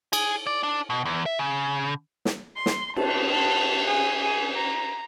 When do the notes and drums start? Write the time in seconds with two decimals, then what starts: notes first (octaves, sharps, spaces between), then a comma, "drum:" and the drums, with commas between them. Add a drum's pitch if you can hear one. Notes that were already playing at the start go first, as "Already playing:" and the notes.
0.13 G#4, drum: cymbal
0.47 D5
0.63 D4
0.90 B2
1.05 E2
1.26 E5
1.39 C#3
2.25 drum: snare
2.56 C6
2.66 drum: snare
2.96 A5, drum: cymbal
3.32 A5
3.87 G#4
4.22 G#4
4.57 A#5